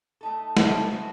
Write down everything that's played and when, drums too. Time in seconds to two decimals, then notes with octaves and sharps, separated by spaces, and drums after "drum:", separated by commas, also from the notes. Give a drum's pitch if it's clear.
0.21 A3 D#4 A4
0.57 C#3 F#3 A3 E4 A4, drum: snare
0.91 G#3 D#4 F#4 B4